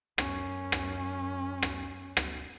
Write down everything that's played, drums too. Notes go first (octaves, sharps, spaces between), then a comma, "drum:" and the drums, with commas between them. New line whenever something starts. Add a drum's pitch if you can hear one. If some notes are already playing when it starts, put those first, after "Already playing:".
F#2 C#4, drum: rim click
drum: rim click
drum: rim click
drum: rim click